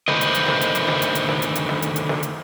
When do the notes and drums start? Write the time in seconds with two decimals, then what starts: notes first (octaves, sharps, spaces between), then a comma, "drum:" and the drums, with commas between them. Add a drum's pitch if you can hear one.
0.08 D3 D#3 A3 B4 C5 D#5, drum: snare
0.21 drum: hi-hat
0.35 drum: hi-hat
0.48 drum: snare
0.61 drum: hi-hat
0.75 drum: hi-hat
0.88 drum: snare
1.02 drum: hi-hat
1.15 drum: hi-hat
1.29 drum: snare
1.42 drum: hi-hat
1.55 drum: hi-hat
1.69 drum: snare
1.82 drum: hi-hat
1.96 drum: hi-hat
2.09 drum: snare
2.23 drum: hi-hat